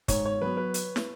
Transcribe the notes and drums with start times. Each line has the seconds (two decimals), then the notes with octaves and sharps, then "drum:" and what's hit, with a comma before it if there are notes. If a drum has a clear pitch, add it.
0.08 G#2 C#5, drum: kick, hi-hat
0.25 C#5
0.42 F#3 B3 B4
0.57 B4
0.74 drum: hi-hat
0.96 drum: snare